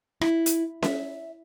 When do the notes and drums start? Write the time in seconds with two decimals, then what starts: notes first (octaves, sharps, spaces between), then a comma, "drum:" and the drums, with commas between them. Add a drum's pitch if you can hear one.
0.21 E4, drum: rim click
0.46 drum: hi-hat
0.83 E5, drum: snare C#4